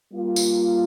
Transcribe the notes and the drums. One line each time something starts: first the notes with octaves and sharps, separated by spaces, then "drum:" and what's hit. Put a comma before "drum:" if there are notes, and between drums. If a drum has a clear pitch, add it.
G3 A#3 F4
drum: tambourine